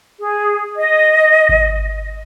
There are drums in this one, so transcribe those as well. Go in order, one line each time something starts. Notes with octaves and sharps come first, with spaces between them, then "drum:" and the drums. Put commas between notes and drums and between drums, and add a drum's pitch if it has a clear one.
G#4
D#5
drum: kick G#1